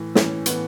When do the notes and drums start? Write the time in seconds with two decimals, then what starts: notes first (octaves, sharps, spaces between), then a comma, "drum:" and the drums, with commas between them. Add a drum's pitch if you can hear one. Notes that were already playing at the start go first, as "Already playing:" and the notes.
Already playing: A2 E3
0.15 A2 E3 C#4, drum: snare
0.46 A2 E3 B3, drum: hi-hat